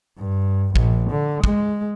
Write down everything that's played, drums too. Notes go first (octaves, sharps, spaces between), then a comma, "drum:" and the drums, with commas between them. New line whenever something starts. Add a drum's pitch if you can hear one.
G2
A#1, drum: kick
D3
G#3, drum: kick